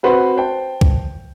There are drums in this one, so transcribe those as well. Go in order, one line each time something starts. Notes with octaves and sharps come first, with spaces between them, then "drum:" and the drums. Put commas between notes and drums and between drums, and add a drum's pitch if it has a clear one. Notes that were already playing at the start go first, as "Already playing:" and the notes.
C4 F#4 B4 C5 F#5 C6
C5 G5 A5
drum: kick